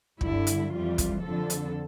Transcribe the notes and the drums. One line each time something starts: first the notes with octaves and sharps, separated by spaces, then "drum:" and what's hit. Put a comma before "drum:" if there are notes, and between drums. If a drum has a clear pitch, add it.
G2 D3 G3 E4, drum: kick
drum: hi-hat
F2 E3 G3 F4
drum: kick, hi-hat
F2 D3 F3 A4
drum: hi-hat